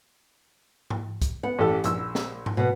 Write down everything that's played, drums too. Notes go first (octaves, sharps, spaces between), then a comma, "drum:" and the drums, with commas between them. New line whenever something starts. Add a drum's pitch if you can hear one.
drum: tom G#2
drum: kick, hi-hat
B3 F#5
A1 G4 A4
A#1 E6, drum: hi-hat
drum: snare
drum: tom G#2
B2 B3